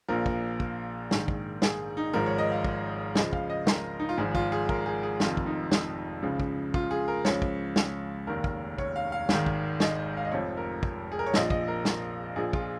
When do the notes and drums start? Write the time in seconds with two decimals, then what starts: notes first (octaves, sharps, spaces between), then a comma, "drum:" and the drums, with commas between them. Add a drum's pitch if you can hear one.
0.08 A#1 A#2 F3 A#4
0.26 drum: kick
0.60 drum: kick
1.11 A#1 G#2 D#3, drum: snare
1.28 drum: kick
1.62 G#4, drum: snare
1.97 D#4
2.13 G#1 G#2 F3 A#4
2.26 C#5
2.38 D#5
2.52 F5
2.65 drum: kick
3.15 C#2 C#3 F3 D#5, drum: snare
3.33 F5, drum: kick
3.50 D#5
3.67 A#4, drum: snare
4.00 D#4
4.09 F4
4.18 G#1 G#2 F3 G#4
4.35 F4, drum: kick
4.52 G#4
4.69 A#4, drum: kick
4.86 G#4
5.03 G#4
5.20 F1 F2 D#3 F4, drum: snare
5.37 drum: kick
5.46 D#4
5.71 D#4, drum: snare
6.22 C#2 C#3 F3
6.40 drum: kick
6.74 F4, drum: kick
6.91 G#4
7.08 A#4
7.25 C#2 C#3 F3 C#5, drum: snare
7.42 drum: kick
7.76 drum: snare
8.27 F1 D#2 D#3 A#4
8.44 drum: kick
8.78 C#5, drum: kick
8.96 F5
9.12 F5
9.29 G#1 G#2 D#3 F5, drum: snare
9.46 drum: kick
9.80 D#5, drum: snare
10.17 F5
10.25 D#5
10.32 F1 F2 F3 C#5
10.57 A#4
10.83 drum: kick
11.12 G#4
11.19 A#4
11.26 C#5
11.34 A#1 A#2 F3 D#5, drum: snare
11.50 D#5, drum: kick
11.68 A#4
11.85 drum: snare
12.36 A#1 A#2 F3 G#4
12.53 F4, drum: kick